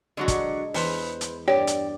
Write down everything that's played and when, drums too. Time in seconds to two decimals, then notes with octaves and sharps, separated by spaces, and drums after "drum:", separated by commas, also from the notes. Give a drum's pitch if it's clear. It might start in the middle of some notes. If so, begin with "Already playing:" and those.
0.17 D3 F#3 G#3 D4 F#4
0.28 drum: kick, hi-hat
0.74 E2 B4 C5, drum: open hi-hat
1.21 drum: hi-hat
1.48 G2 G4 C#5 D5
1.67 drum: hi-hat